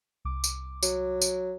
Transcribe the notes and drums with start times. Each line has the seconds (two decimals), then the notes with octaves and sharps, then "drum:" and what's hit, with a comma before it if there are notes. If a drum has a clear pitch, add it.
0.25 C2 D6
0.44 drum: tambourine
0.83 F#3, drum: tambourine
1.22 drum: tambourine